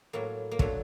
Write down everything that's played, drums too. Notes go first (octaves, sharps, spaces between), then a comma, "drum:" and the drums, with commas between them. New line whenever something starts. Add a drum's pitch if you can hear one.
A2 F#3 A#3
A#3
D3 F#3 A3, drum: kick